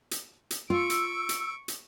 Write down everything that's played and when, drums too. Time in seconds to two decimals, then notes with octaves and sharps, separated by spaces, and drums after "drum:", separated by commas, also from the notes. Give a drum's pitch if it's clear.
0.11 drum: hi-hat
0.51 drum: hi-hat
0.70 F4 C#6 E6 D7
0.90 drum: hi-hat
1.29 drum: hi-hat
1.68 drum: hi-hat